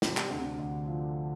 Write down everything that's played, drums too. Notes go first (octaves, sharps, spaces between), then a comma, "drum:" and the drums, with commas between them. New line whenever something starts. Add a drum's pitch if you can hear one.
C3 F3, drum: snare
G3, drum: clap
D2 D3
C3
D3
D2
F3